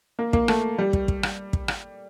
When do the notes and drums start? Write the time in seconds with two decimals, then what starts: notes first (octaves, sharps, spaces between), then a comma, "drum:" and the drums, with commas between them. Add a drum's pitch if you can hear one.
0.19 A#3
0.33 A#3, drum: kick
0.48 A3, drum: rim click
0.78 G3
0.93 drum: kick
1.08 drum: kick
1.23 drum: rim click
1.53 drum: kick
1.68 drum: rim click